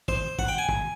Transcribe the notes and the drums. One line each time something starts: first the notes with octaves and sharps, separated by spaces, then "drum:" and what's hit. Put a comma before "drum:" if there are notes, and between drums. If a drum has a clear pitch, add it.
C5, drum: kick
F#5, drum: kick
G5
G#5
drum: kick